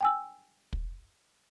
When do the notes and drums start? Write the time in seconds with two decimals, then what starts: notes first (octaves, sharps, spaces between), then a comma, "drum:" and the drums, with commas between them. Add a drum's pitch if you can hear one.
0.01 G5 G#5 E6
0.73 drum: kick